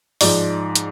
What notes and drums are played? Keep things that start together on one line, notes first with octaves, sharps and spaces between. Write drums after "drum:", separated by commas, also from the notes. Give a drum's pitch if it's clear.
G#2 F3 D5, drum: open hi-hat
drum: hi-hat